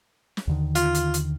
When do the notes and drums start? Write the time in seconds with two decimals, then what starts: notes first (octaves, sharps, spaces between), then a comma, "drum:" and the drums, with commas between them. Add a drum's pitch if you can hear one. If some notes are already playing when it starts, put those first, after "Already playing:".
0.37 drum: snare
0.47 D#2 D3 D#3
0.75 F4, drum: hi-hat
0.95 drum: hi-hat
1.14 drum: hi-hat